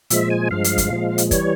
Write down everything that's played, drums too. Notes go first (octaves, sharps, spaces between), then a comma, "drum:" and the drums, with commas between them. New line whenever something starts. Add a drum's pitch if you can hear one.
A#2 F3 G#3 E5, drum: hi-hat
G#5
G2 F3 G#3 F5
drum: hi-hat
drum: kick, hi-hat
A#2 F3 G#3
drum: hi-hat
E3 G3 C#5, drum: kick, hi-hat